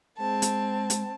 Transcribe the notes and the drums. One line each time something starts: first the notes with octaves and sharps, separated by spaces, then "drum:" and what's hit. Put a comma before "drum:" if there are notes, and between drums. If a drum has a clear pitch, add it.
G#3 C4 A5
drum: hi-hat
drum: hi-hat